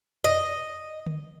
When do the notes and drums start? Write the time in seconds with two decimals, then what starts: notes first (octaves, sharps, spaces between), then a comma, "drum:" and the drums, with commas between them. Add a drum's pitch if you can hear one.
0.24 D#5, drum: tom F2
1.06 drum: tom D3